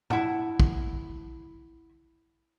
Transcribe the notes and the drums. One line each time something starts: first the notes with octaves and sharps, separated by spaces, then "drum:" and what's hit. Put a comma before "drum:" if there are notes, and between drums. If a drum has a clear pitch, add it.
E4 F#5 A5, drum: tom A2
drum: kick